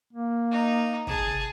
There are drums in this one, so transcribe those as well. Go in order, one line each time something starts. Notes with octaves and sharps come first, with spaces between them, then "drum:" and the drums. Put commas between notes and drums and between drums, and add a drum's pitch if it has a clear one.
A#3
D#4
G#4 A5, drum: kick
drum: tom